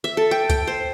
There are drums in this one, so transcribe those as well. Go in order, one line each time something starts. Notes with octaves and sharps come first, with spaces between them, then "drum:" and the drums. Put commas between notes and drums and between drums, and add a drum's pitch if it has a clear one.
E5
A4
G5
G5, drum: kick C#2, hi-hat
C5